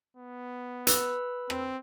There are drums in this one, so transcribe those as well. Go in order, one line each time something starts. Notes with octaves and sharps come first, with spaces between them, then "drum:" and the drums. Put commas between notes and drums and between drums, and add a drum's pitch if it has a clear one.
B3
B4 B5 E6, drum: hi-hat
C4, drum: rim click